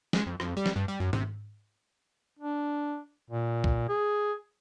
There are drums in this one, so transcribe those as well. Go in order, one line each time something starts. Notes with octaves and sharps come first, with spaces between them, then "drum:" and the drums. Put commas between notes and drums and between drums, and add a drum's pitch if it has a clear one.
G#3, drum: snare
F2
F2, drum: rim click
G3
drum: snare
G2
G3
F#2
C3, drum: tom G#2
D4
A#2
drum: kick
G#4